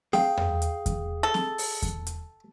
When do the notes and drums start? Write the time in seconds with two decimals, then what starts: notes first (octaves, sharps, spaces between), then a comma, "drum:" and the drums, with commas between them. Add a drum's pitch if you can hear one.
0.13 G#4 F5 G5, drum: snare C4
0.37 drum: tom E2
0.62 drum: hi-hat
0.86 drum: kick E2, hi-hat
1.23 A4
1.34 drum: snare C4
1.58 drum: open hi-hat
1.82 drum: kick E2, hi-hat
2.07 drum: hi-hat